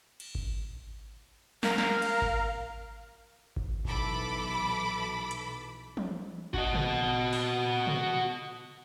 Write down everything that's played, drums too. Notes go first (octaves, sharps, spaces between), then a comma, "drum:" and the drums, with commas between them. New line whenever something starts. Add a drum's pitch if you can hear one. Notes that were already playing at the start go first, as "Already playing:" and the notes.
drum: cymbal
drum: kick G#1
A#4 F5, drum: snare
drum: snare
drum: cymbal
drum: kick G#1
drum: kick G#1
B1 E3 A4 B5 D6, drum: kick G#1
drum: hi-hat
drum: tom
F#4 D#5, drum: kick G#1
drum: tom
drum: open hi-hat
drum: tom